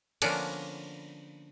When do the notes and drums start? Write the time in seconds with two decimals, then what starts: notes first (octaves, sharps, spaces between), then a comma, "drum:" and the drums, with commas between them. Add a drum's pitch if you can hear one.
0.22 D3 F3 A#3 B3 C#4 D4, drum: cymbal